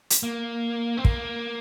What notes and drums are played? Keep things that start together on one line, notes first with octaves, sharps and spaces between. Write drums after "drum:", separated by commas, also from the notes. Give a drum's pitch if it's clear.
drum: hi-hat
A#3
C4
A#3, drum: kick